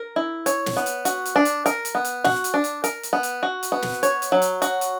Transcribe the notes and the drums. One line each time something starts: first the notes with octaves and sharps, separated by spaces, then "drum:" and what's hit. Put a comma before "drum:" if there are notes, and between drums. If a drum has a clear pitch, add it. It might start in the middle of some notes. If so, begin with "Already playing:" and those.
Already playing: A#4
E4
C#5, drum: hi-hat
drum: snare
B3
drum: hi-hat
F#4, drum: hi-hat
drum: hi-hat
D4
drum: hi-hat
A#4, drum: hi-hat
drum: hi-hat
B3
drum: hi-hat
F#4, drum: snare
drum: hi-hat
D4
drum: hi-hat
A#4, drum: hi-hat
drum: hi-hat
B3
drum: hi-hat
F#4
drum: hi-hat
B3
drum: snare
C#5, drum: hi-hat
drum: hi-hat
F#3
drum: hi-hat
F#4, drum: hi-hat
drum: hi-hat